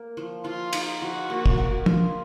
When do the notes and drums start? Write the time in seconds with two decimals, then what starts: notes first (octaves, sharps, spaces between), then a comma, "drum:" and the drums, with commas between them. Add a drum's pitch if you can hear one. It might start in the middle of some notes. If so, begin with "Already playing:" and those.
Already playing: A#3
0.17 F3
0.44 F3 F4
0.73 D#4, drum: cymbal
1.02 F3 F#4
1.30 A#3
1.46 drum: kick
1.58 A#4
1.86 F4, drum: tom